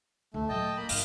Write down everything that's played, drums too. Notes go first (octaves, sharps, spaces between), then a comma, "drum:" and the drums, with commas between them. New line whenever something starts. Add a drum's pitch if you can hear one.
D2 A3
A#2 F#3 D#5 G5 A5
A#3 B5
G2 F4 F5, drum: open hi-hat